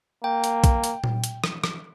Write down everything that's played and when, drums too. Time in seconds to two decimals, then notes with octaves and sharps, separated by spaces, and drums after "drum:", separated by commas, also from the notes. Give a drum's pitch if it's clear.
0.24 A#3 G5
0.44 drum: hi-hat
0.64 drum: kick B1, hi-hat
0.84 drum: hi-hat
1.04 drum: tom A#2
1.24 drum: hi-hat
1.44 drum: rim click
1.64 drum: rim click